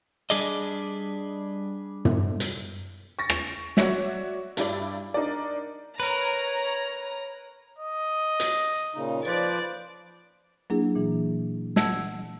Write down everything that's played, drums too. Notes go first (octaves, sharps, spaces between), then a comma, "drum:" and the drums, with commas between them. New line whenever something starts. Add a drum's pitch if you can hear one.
G3 D4 G#4 D5 D#5
drum: tom
drum: hi-hat
C#6 A6 A#6
drum: rim click
F#4 C#5 D5 E5, drum: snare
G2 G3 E4 D5, drum: hi-hat
D4 D#4 A#4 D5
A#4 B4 C#5 A#5
D#5
drum: hi-hat
A#2 C#3 D#4
F3 B4 C5 D5
F#3 A#3 D4 E4 G#4
A#2 E3
F#5 A5 E6 G#6, drum: snare